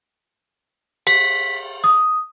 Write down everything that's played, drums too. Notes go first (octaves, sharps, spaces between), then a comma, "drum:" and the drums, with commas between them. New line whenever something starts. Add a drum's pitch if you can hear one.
B6, drum: cymbal
D#6